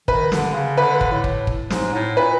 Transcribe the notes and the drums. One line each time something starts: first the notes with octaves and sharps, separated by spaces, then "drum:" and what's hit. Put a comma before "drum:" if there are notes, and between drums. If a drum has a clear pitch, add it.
D#3 B4, drum: kick
D3, drum: snare
C#3
D3 B4
drum: kick
A2
drum: kick
drum: kick
G#2, drum: snare
A2
A#2 B4